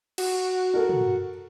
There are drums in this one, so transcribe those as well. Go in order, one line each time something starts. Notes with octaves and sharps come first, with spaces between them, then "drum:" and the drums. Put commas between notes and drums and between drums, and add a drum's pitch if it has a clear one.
F#4, drum: cymbal
A4 A#4
drum: tom